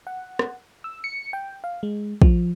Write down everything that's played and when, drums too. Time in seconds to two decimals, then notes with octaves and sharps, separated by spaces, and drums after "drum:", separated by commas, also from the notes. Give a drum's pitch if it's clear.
0.07 F#5
0.39 drum: rim click
0.84 E6
1.04 C#7
1.33 G5
1.64 F5
1.83 G#3
2.22 F3, drum: kick